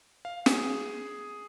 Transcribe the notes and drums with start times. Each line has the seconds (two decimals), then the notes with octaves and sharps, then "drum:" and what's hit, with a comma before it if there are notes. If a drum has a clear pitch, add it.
0.25 F5
0.46 G#4, drum: snare